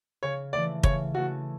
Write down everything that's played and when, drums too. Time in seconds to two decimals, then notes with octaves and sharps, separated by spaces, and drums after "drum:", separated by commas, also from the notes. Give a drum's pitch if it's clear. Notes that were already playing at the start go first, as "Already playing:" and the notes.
0.23 C#3 C#5
0.53 E3 A3 D5
0.83 C#3 C#5, drum: kick
1.14 E3 A3 F#4